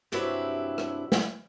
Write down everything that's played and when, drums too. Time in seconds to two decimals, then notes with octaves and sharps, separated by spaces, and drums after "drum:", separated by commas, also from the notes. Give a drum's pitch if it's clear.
0.12 G2 C3 F#3 D4 E4 B4
0.78 drum: rim click
1.12 drum: snare